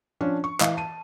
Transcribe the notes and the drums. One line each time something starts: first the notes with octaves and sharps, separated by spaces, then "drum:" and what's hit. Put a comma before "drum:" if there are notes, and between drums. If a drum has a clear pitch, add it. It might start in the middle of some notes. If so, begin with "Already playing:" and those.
F3 C#4 D4
C#6
E3 D#5 F5, drum: clap
A5 D#7